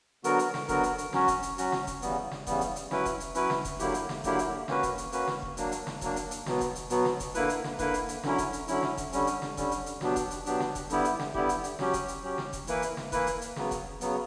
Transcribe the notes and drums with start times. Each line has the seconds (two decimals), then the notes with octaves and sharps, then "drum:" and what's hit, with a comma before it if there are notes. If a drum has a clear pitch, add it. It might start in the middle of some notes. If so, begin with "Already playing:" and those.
0.24 D3 F#3 B3 F#4 A#4, drum: hi-hat
0.39 drum: hi-hat
0.54 drum: snare
0.69 D3 F#3 B3 F#4 A#4, drum: kick E1, hi-hat
0.83 drum: hi-hat
0.98 drum: hi-hat
1.13 F#3 C#4 F#4, drum: snare
1.28 drum: kick E1, hi-hat
1.43 drum: hi-hat
1.58 F#3 C#4 F#4, drum: hi-hat
1.72 drum: snare
1.87 drum: kick E1, hi-hat
2.02 C#3 E3 G3 B3, drum: hi-hat
2.31 drum: snare
2.47 C#3 E3 G3 B3, drum: kick E1, hi-hat
2.61 drum: hi-hat
2.76 drum: hi-hat
2.91 F#3 C#4 E4 B4, drum: snare
3.05 drum: kick E1, hi-hat
3.20 drum: hi-hat
3.35 F#3 C#4 E4 B4, drum: hi-hat
3.50 drum: snare
3.65 drum: kick E1, hi-hat
3.79 D3 F#3 A#3 E4 G4, drum: hi-hat
3.94 drum: hi-hat
4.09 drum: snare
4.24 D3 F#3 A#3 E4 G4, drum: kick E1, hi-hat
4.39 drum: hi-hat
4.68 A#3 C#4 F#4 B4, drum: snare
4.83 drum: kick E1, hi-hat
4.98 drum: hi-hat
5.12 A#3 C#4 F#4 B4, drum: hi-hat
5.27 drum: snare
5.42 drum: kick E1
5.57 F#3 A#3 D4, drum: hi-hat
5.72 drum: hi-hat
5.87 drum: snare
6.01 F#3 A#3 D4, drum: kick E1, hi-hat
6.16 drum: hi-hat
6.31 drum: hi-hat
6.46 B2 F#3 B3, drum: snare
6.61 drum: kick E1, hi-hat
6.75 drum: hi-hat
6.90 B2 F#3 B3, drum: hi-hat
7.05 drum: snare
7.20 drum: kick E1, hi-hat
7.35 D3 A#3 E4 B4, drum: hi-hat
7.49 drum: hi-hat
7.64 drum: snare
7.79 D3 A#3 E4 B4, drum: kick E1, hi-hat
7.94 drum: hi-hat
8.09 drum: hi-hat
8.23 D3 F#3 C#4 E4, drum: snare
8.38 drum: kick E1, hi-hat
8.53 drum: hi-hat
8.68 D3 F#3 C#4 E4, drum: hi-hat
8.83 drum: snare
8.97 drum: kick E1, hi-hat
9.13 D3 G3 C#4, drum: hi-hat
9.27 drum: hi-hat
9.42 drum: snare
9.57 D3 G3 C#4, drum: kick E1, hi-hat
9.71 drum: hi-hat
9.86 drum: hi-hat
10.01 B2 F#3 B3 D4 G4, drum: snare
10.16 drum: kick E1, hi-hat
10.31 drum: hi-hat
10.46 B2 F#3 B3 D4 G4, drum: hi-hat
10.60 drum: snare
10.75 drum: kick E1, hi-hat
10.90 D3 G3 B3 E4 G4, drum: hi-hat
11.05 drum: hi-hat
11.19 drum: snare
11.34 D3 G3 B3 E4 G4, drum: kick E1
11.49 drum: hi-hat
11.64 drum: hi-hat
11.79 F#3 C#4 G4, drum: snare
11.93 drum: kick E1, hi-hat
12.08 drum: hi-hat
12.23 F#3 C#4 G4
12.38 drum: snare
12.53 drum: kick E1, hi-hat
12.67 E3 A#3 E4 B4, drum: hi-hat
12.82 drum: hi-hat
12.97 drum: snare
13.12 E3 A#3 E4 B4, drum: kick E1, hi-hat
13.27 drum: hi-hat
13.41 drum: hi-hat
13.56 C#3 F#3 B3, drum: snare
13.71 drum: kick E1, hi-hat
14.01 C#3 F#3 B3, drum: hi-hat